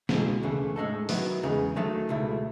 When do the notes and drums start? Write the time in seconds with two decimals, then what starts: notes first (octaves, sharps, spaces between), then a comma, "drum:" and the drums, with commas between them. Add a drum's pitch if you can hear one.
0.09 C#2 B2 G#3, drum: snare
0.43 D#2 C#3 E3 A3
0.76 A2 G#3 D#4 A4
1.09 D#3 F#3 B3 E4, drum: open hi-hat
1.43 E2 C#3 G#3 B3 D#4
1.76 D#2 D#3 F#3 A3 D#4
2.09 C#2 B2 A3 E4